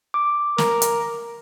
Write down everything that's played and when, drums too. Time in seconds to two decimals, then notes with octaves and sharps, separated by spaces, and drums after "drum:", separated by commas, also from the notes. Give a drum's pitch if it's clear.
0.14 D6
0.58 A#4, drum: snare
0.82 drum: hi-hat